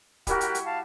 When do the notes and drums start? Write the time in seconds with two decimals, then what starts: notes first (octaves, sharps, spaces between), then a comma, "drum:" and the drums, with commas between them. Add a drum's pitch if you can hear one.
0.27 G3 E4 F#4 G4 A#4 F#5, drum: kick, hi-hat
0.41 drum: hi-hat
0.55 drum: hi-hat
0.64 F5 A5